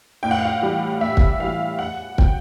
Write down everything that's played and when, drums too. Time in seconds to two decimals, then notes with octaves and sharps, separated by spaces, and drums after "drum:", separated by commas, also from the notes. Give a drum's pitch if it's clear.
0.23 A2 G5
0.31 F#5
0.39 F5
0.45 F#5
0.62 E3 G3
1.01 A2 E5
1.17 drum: kick
1.40 E3 G3 F5
1.79 E2 F#5
2.18 B2 F#3 G5, drum: kick